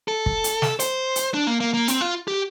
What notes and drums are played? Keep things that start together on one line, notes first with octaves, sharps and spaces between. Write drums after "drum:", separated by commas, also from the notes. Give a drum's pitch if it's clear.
A4
drum: kick
drum: hi-hat
drum: snare
C5, drum: hi-hat
drum: hi-hat
D4
A#3
A#3
A#3
C4, drum: hi-hat
F4
G4